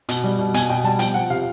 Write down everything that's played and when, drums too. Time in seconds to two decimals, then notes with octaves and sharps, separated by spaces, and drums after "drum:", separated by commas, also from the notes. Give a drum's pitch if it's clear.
0.09 B2, drum: hi-hat
0.24 G3
0.39 B2
0.54 B2 G#5, drum: hi-hat
0.70 B2 G5
0.84 G3 A5
0.99 F3 G5, drum: hi-hat
1.14 F3 F#5
1.30 C3 F5